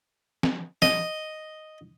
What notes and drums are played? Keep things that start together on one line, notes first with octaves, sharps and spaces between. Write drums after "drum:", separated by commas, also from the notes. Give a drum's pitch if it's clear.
drum: snare
D#5, drum: snare